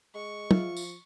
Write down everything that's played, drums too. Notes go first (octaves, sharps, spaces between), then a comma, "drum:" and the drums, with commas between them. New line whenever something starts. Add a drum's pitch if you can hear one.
G#3 C#6
F3 F4 E5, drum: tom
drum: tambourine